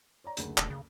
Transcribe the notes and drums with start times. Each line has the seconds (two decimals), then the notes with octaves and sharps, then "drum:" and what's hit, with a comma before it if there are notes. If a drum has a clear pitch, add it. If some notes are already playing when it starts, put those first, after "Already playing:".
0.24 C#5 D5 A#5
0.37 F#1 D2 G#4, drum: hi-hat
0.58 E1, drum: clap
0.70 C#3